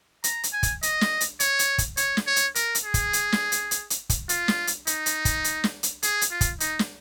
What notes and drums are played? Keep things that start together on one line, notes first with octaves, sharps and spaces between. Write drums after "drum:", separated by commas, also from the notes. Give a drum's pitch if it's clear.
A#5, drum: hi-hat
drum: hi-hat
G#5
drum: kick, hi-hat
D#5, drum: hi-hat
drum: snare
drum: hi-hat
C#5, drum: hi-hat
drum: hi-hat
drum: kick, hi-hat
C#5, drum: hi-hat
drum: snare
C#5
drum: hi-hat
A#4, drum: hi-hat
drum: hi-hat
G#4
drum: kick, hi-hat
drum: hi-hat
drum: snare
drum: hi-hat
drum: hi-hat
drum: hi-hat
drum: kick, hi-hat
F4, drum: hi-hat
drum: snare
drum: hi-hat
D#4, drum: hi-hat
drum: hi-hat
drum: kick, hi-hat
drum: hi-hat
drum: snare
drum: hi-hat
G#4, drum: hi-hat
drum: hi-hat
F4
drum: kick, hi-hat
D#4, drum: hi-hat
drum: snare